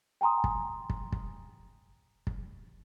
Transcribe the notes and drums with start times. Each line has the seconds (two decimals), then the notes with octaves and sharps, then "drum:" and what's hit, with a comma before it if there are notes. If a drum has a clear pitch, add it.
0.21 G5 G#5 A#5 C6 D#6
0.44 drum: kick
0.90 drum: kick
1.12 drum: kick
2.27 drum: kick